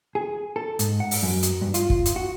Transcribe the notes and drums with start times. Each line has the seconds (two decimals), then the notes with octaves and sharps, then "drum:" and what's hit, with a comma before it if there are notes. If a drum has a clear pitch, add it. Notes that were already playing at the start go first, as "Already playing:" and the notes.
0.15 G#4
0.56 A4
0.79 G#2, drum: hi-hat
1.00 F#5
1.11 drum: open hi-hat
1.23 F#2
1.43 drum: hi-hat
1.62 G2
1.74 F4, drum: hi-hat
1.90 drum: kick
2.05 drum: hi-hat
2.16 F#4